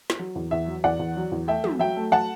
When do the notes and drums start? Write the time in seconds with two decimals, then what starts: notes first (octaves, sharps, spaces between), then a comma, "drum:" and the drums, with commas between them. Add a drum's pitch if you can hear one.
0.10 drum: snare
0.19 F#3
0.35 E2
0.51 E2 E5
0.67 F#3
0.84 E2 D5 F#5
0.99 E2
1.16 F#3
1.32 E2
1.47 A3 E5 G5
1.64 F#3, drum: tom
1.79 F#3 E5 G5
1.97 A3
2.12 F#3 F#5 A5